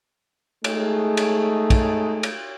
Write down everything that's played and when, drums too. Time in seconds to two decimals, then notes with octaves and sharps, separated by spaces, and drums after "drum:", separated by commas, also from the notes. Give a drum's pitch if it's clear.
0.64 G#3 A3 D#4 G#4, drum: cymbal
1.17 drum: cymbal
1.70 drum: kick, cymbal
2.23 drum: cymbal